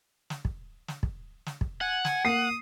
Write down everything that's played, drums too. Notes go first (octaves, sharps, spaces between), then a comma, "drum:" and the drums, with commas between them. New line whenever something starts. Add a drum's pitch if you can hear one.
drum: snare
drum: kick
drum: snare
drum: kick
drum: snare
drum: kick
F#5 G#5
G#5, drum: snare
A#3 D#6 C7